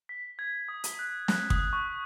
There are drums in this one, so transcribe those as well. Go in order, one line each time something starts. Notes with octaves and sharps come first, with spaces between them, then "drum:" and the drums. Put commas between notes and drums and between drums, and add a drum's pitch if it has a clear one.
B6
G#6
D#6
drum: hi-hat
F#6
F#6, drum: snare
D#6, drum: kick
C#6